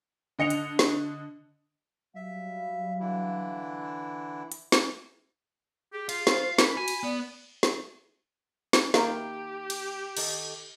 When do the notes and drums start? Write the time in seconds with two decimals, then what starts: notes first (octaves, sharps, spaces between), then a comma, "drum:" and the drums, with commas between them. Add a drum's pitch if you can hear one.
0.39 D3 D#5 C#7 F7
0.50 drum: hi-hat
0.79 drum: snare
2.16 F#3 G3 E5 F5
3.00 D3 E3 E4
4.52 drum: hi-hat
4.72 drum: snare
5.93 G4 G#4
6.09 F4 F5, drum: cymbal
6.27 F4 C5, drum: snare
6.58 A#4 B5, drum: snare
6.77 F#4 G#5
6.88 drum: cymbal
7.03 B3 D5
7.63 drum: snare
8.73 drum: snare
8.94 D#3 A#3 E4 G4 F5 G5 A#5, drum: snare
9.70 drum: cymbal
10.17 D#3 A4 D#5, drum: cymbal